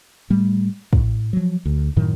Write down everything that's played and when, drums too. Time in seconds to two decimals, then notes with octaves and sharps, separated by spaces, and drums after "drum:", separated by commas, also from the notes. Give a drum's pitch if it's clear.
0.30 A2 G3 A3
0.93 A2, drum: kick
1.33 F3 F#3
1.65 D2
1.96 F#2 A2 D#3 F#3